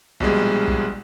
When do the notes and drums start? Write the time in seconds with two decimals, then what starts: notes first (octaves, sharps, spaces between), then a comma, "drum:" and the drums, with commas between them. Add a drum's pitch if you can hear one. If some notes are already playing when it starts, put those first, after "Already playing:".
0.20 A#1 B2 G3 G#3, drum: kick
0.68 drum: kick